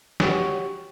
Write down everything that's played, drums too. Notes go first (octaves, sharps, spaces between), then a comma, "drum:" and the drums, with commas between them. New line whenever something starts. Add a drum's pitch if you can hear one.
F#4 G4 C#5, drum: snare